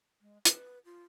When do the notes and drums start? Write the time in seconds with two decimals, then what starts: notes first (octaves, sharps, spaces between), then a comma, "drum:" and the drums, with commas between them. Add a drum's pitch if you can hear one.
0.21 G#3
0.45 B4, drum: hi-hat
0.85 F4